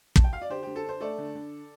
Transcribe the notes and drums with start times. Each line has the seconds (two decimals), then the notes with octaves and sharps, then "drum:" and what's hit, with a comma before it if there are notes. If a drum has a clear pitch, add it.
0.16 A5, drum: kick
0.24 G5
0.33 F5
0.42 D5
0.50 D3 G4 C5
0.63 D3 G4
0.76 A4
0.84 D4 C5
1.01 A3 A4 D5
1.18 D3
1.35 D3